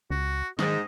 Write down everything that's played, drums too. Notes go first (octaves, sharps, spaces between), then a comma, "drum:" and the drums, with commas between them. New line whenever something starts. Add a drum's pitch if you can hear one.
C#2 F#4
G#2 D#3 D#5, drum: snare